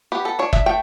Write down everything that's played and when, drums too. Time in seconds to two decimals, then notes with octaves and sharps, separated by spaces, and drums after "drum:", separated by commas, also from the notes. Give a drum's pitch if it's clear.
0.12 B3 G4
0.25 A4
0.39 D4 C#5
0.53 E5, drum: kick F#1
0.66 A3 G5